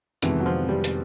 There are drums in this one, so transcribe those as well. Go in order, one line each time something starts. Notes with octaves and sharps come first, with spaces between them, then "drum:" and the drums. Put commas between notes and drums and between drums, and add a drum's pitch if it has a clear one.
F2 C3 D#3 E3 G#3 B3, drum: hi-hat
F#3
F3
G3
drum: hi-hat